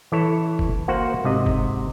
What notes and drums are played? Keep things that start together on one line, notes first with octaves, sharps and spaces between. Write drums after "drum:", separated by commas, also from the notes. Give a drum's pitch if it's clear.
E3 E4 A4 C#5
drum: kick
A#3 F#4 C5 F#5
G#2 C3 D#5
drum: kick